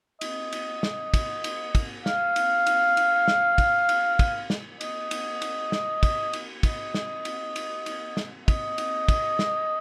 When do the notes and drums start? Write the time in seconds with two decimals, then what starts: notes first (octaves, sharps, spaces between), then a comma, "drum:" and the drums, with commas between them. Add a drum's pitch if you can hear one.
0.21 D#5, drum: cymbal
0.52 drum: cymbal
0.83 drum: snare
1.14 drum: kick, cymbal
1.44 drum: cymbal
1.75 drum: kick, cymbal
2.06 F5, drum: snare
2.36 drum: cymbal
2.66 drum: cymbal
2.97 drum: cymbal
3.28 drum: snare
3.58 drum: kick, cymbal
3.89 drum: cymbal
4.19 drum: kick, cymbal
4.50 drum: snare
4.81 D#5, drum: cymbal
5.11 drum: cymbal
5.42 drum: cymbal
5.72 drum: snare
6.03 drum: kick, cymbal
6.33 drum: cymbal
6.63 D#5, drum: kick, cymbal
6.94 drum: snare
7.25 drum: cymbal
7.56 drum: cymbal
7.86 drum: cymbal
8.17 drum: snare
8.48 D#5, drum: kick, cymbal
8.78 drum: cymbal
9.09 drum: kick, cymbal
9.39 drum: snare